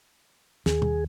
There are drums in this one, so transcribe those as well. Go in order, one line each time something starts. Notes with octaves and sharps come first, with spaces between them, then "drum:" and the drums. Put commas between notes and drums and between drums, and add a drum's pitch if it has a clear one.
D#2 G#4, drum: snare
drum: tom